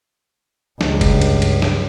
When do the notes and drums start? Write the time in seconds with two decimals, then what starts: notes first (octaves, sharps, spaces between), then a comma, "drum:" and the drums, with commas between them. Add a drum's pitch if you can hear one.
0.81 C#2 G2, drum: snare
1.01 drum: kick, cymbal
1.21 drum: cymbal
1.42 drum: cymbal
1.62 drum: snare